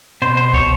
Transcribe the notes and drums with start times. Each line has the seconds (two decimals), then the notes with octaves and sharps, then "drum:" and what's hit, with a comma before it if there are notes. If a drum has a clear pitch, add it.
0.22 B2 C5
0.37 C5
0.54 B2 C#5, drum: kick